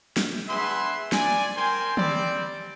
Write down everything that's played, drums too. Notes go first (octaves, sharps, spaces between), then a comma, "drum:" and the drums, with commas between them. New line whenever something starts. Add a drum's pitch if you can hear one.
drum: snare
D4 G#4 B4 E5 F#5 C6
D5 G#5, drum: snare
A#4 C5 G5 G#5 C6
G3 C4 D5, drum: tom